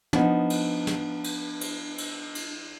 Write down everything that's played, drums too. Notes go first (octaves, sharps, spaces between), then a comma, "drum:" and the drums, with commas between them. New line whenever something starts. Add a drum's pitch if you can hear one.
F3 B3 D4 D#4, drum: tom
drum: cymbal
drum: snare
drum: cymbal
drum: cymbal
drum: cymbal
drum: cymbal